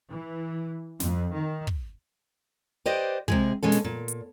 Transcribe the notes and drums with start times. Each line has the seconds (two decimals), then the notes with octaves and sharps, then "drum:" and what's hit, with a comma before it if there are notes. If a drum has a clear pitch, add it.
0.11 E3
1.00 F2, drum: snare
1.35 D#3
1.67 drum: kick
2.86 G4 B4 C5 D5 D#5
3.28 C3 G#3 G#4, drum: kick
3.63 B2 G#3 C#4 A4
3.72 drum: snare
3.84 A#2
4.08 drum: hi-hat